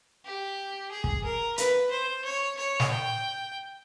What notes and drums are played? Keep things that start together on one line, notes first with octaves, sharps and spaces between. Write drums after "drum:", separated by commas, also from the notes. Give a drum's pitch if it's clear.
G4
G#4
drum: kick
A#4
B4, drum: hi-hat
C5
C#5
C#5
drum: snare
G5